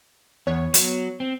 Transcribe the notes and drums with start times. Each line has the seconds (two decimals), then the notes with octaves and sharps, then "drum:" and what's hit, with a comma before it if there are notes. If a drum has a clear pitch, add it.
0.47 E2 B3 C#5
0.74 F#3, drum: hi-hat
1.20 C4